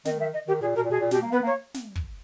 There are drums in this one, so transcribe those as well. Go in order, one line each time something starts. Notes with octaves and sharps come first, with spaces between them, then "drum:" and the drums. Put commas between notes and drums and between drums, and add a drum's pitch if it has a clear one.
D#3 D#5, drum: snare
D#3 E5
D#5
D#3 G4
A#2 G#4
B2 A#4
A#2
B2 G#4
A#2
B2 G4, drum: snare
A#3
B3 B4
A#3
C#5
drum: snare
drum: kick